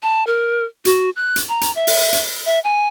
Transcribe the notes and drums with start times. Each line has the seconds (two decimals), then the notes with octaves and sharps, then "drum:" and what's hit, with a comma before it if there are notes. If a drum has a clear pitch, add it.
0.03 A5
0.27 A#4
0.85 F#4, drum: hi-hat
1.16 F#6
1.36 drum: hi-hat
1.49 A#5
1.61 drum: hi-hat
1.75 E5
1.87 drum: open hi-hat
2.13 drum: hi-hat
2.46 E5
2.64 G#5